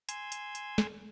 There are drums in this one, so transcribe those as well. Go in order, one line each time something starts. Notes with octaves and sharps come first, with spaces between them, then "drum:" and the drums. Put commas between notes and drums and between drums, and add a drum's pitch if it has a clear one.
G#5 C6 E6 G#6, drum: hi-hat
drum: hi-hat
drum: hi-hat
drum: snare